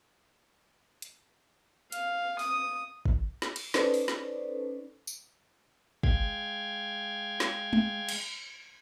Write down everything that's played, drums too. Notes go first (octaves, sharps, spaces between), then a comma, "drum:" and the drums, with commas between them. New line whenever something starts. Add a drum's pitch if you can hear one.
drum: hi-hat
F5, drum: hi-hat
D#6, drum: open hi-hat
drum: kick
drum: snare
drum: cymbal
C#4 D#4 A4 B4 C5 D5, drum: snare
drum: open hi-hat
drum: snare
drum: tambourine
G#3 F5 G5 G#6, drum: kick
drum: snare
drum: tom G#3
drum: cymbal